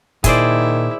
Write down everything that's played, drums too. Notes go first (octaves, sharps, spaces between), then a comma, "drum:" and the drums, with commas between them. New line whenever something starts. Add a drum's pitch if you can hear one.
A#2 D#3 E4 G#4 C5 D5, drum: kick, hi-hat